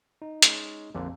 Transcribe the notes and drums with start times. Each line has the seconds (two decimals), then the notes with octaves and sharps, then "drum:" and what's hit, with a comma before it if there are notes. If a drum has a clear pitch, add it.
0.22 D#4
0.42 G#3 C#4, drum: hi-hat
0.95 A#1 F2 A#2 D3